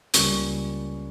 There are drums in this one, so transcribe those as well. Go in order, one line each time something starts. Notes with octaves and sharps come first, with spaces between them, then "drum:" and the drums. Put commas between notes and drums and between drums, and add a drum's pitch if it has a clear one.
C#2 C#3 G3 A#3 C#4 C#6, drum: hi-hat